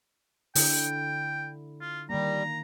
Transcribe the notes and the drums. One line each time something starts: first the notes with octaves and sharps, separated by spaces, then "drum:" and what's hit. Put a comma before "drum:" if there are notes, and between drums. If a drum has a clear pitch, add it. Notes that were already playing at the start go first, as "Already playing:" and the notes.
D3 E4 G5, drum: open hi-hat
F4
D#3 G3 A#3 A#5